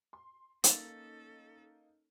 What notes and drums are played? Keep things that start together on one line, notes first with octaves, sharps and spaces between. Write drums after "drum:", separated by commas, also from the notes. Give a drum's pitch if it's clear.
C6
A#3 C#4 D#4 A4, drum: hi-hat